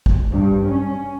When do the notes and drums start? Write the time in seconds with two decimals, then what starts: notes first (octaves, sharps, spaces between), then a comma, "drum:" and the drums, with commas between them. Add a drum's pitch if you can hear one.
0.06 drum: kick A1
0.30 G2
0.66 C#4